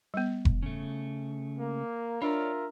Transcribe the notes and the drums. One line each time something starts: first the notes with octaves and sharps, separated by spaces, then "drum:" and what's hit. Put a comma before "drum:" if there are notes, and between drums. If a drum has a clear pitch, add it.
G3 B3
drum: kick F1
C#3 A3
A#3
D4 F4 A#4 C#5 D5 E5